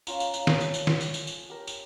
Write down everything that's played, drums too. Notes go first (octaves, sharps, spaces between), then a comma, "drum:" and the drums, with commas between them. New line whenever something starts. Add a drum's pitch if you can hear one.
C#4 F4 A#5, drum: tambourine
drum: tambourine
drum: tambourine
A4, drum: snare
drum: tambourine
drum: tambourine
drum: snare
drum: tambourine
drum: tambourine
drum: tambourine
G4 A#4
drum: tambourine